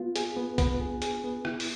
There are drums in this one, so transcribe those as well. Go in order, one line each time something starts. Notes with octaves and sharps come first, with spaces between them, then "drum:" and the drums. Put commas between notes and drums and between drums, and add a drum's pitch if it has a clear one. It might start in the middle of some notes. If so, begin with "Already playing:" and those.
Already playing: B3 F4
G#4, drum: hi-hat
B3
B3, drum: kick, hi-hat
G#4
G#4, drum: hi-hat
B3
E4, drum: rim click
drum: open hi-hat